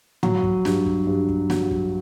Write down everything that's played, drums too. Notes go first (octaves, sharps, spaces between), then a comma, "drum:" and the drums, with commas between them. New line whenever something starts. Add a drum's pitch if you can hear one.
F#3, drum: tom
drum: kick
G2, drum: snare
drum: kick
G2
drum: kick
F#3, drum: snare
drum: kick